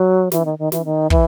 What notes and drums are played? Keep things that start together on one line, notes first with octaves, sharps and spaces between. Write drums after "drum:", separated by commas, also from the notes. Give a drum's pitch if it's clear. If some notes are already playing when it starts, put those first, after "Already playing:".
Already playing: F#3
E3, drum: snare
D#3
D#3
E3, drum: snare
D#3
E3, drum: kick